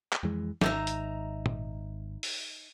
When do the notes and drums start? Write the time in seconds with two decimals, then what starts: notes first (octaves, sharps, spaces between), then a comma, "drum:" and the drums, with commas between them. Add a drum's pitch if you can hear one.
0.13 drum: clap
0.23 F2 E3 G#3
0.61 G#1 D#4 E5 A#5, drum: snare
0.87 drum: hi-hat
1.46 drum: tom
2.23 drum: open hi-hat